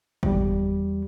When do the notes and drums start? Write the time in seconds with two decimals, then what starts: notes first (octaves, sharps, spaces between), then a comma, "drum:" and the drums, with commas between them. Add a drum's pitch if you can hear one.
0.23 E2 G3, drum: kick